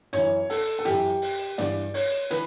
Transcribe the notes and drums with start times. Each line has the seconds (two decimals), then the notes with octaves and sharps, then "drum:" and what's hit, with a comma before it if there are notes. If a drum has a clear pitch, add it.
0.13 F#2 E3 C#5, drum: hi-hat
0.50 A4, drum: open hi-hat
0.79 A4
0.85 F#2 E3 G4, drum: hi-hat
1.22 drum: open hi-hat
1.58 G2 E3 D5, drum: hi-hat
1.94 C#5, drum: open hi-hat
2.30 E3 B4, drum: hi-hat